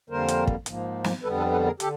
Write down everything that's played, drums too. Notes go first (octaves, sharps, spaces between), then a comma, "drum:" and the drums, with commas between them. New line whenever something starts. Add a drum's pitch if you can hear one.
F2 D3 G3 A#3 A#4 C5
drum: hi-hat
drum: kick
G#2 F3 A#3, drum: hi-hat
drum: snare
F2 D3 G3 B3 A4 B4
A4 B4
A4 B4
G#4 A#4
D3 G4 A4, drum: hi-hat